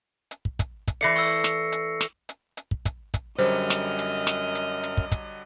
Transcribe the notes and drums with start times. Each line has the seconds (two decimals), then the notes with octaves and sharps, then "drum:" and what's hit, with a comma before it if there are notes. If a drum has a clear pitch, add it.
0.31 drum: hi-hat
0.45 drum: kick
0.59 drum: kick, hi-hat
0.88 drum: kick, hi-hat
1.01 E3 A3 D5 A#6 C7 C#7
1.16 C#6 E6, drum: open hi-hat
1.44 drum: snare
1.72 drum: hi-hat
2.01 drum: snare
2.29 drum: hi-hat
2.57 drum: hi-hat
2.71 drum: kick
2.85 drum: kick, hi-hat
3.14 drum: kick, hi-hat
3.38 F#2 D3 F#3 G3 C5 D#5 F6
3.70 drum: snare
3.98 drum: hi-hat
4.27 drum: snare
4.55 drum: hi-hat
4.83 drum: hi-hat
4.97 drum: kick
5.12 drum: kick, hi-hat